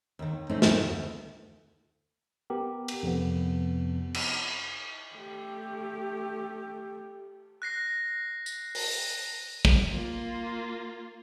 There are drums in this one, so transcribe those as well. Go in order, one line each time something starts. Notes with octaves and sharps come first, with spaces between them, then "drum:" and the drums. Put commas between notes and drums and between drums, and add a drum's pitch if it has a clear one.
D#2 D#3
A3 C4 C#4 D#4
F2 A2 F3 D#4, drum: snare
D2
B3 G4 A#4
drum: cymbal
F2 C3 B3
drum: cymbal
A3 G4
F#6 A#6 C7
drum: tambourine
drum: open hi-hat
drum: kick
A#3 F4